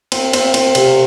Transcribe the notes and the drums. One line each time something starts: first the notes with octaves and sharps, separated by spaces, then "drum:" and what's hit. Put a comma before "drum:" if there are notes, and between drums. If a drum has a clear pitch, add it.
C4, drum: cymbal
C4, drum: cymbal
C4, drum: cymbal
C3, drum: cymbal